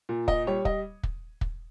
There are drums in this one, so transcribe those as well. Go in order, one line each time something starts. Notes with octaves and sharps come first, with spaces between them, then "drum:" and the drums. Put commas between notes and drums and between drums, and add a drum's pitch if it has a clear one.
A#2
D#5, drum: kick
G3 C#5
D#5, drum: kick
drum: kick
drum: kick